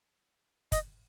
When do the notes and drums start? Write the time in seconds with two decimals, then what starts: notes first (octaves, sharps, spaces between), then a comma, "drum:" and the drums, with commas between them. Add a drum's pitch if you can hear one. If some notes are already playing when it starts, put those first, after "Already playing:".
0.72 D#5, drum: kick, hi-hat